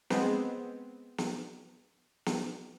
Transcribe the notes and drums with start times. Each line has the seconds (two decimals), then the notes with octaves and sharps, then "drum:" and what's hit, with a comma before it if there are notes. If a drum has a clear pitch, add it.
0.10 G#3 B3 C4, drum: snare
1.18 drum: snare
2.26 drum: snare